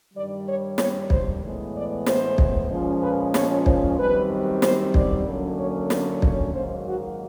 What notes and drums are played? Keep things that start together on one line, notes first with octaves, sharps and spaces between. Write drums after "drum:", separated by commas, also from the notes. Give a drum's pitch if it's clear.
G2 D#3 G3 D5
C#5
C#5, drum: snare
C5, drum: kick
A2 E3 G#3 B3
D5
C5, drum: snare
drum: kick
A#2 F3 G#3 C#4
B4
C#5, drum: snare
C5, drum: kick
F#2 D#3 G3 C4 B4
C5, drum: snare
D5, drum: kick
F#2 D3 F#3 A#3 C#4
C#5
D5, drum: snare
C#5, drum: kick
G#2 D#3 F#3 A#3 C5
F#4